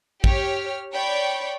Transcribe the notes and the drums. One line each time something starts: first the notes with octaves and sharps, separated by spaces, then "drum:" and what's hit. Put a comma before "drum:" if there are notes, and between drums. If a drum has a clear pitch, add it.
G4 C#5 F6, drum: kick
C#5 D5 G5 B5 C#6